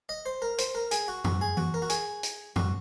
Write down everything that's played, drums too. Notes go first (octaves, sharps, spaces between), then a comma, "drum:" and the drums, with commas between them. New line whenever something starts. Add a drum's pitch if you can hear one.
D#5
C5
A#4
C5, drum: hi-hat
A#4
G#4, drum: hi-hat
F#4
F#4, drum: tom F2
G#4
F#4, drum: tom E3
A#4
F#4
G#4, drum: hi-hat
drum: hi-hat
F#4, drum: tom F2